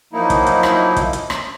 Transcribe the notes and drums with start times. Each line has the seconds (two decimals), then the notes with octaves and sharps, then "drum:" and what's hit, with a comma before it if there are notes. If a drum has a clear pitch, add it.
0.13 F3 F#3 A#3 D#4 E4
0.30 drum: kick, hi-hat
0.47 drum: hi-hat
0.63 drum: rim click
0.96 drum: kick, hi-hat
1.13 drum: hi-hat
1.30 drum: rim click